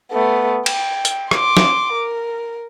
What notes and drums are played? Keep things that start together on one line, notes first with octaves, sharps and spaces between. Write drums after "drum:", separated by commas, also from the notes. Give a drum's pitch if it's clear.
A3 B3
G5, drum: cymbal
drum: hi-hat
C6 D6, drum: rim click
drum: snare
A#4